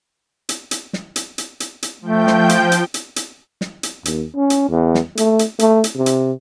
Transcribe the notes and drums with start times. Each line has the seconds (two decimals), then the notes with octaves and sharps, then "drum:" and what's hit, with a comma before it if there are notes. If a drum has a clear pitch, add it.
0.49 drum: hi-hat
0.71 drum: hi-hat
0.93 drum: snare
1.16 drum: hi-hat
1.38 drum: hi-hat
1.60 drum: hi-hat
1.83 drum: hi-hat
2.01 F3 A3 G5 G6
2.27 drum: snare
2.49 drum: hi-hat
2.72 drum: hi-hat
2.94 drum: hi-hat
3.16 drum: hi-hat
3.61 drum: snare
3.83 drum: hi-hat
4.05 D#2, drum: hi-hat
4.36 C#4
4.50 drum: hi-hat
4.69 E2
4.95 drum: snare
5.17 A3, drum: hi-hat
5.39 drum: hi-hat
5.59 A3, drum: hi-hat
5.84 drum: hi-hat
5.96 C3
6.06 drum: hi-hat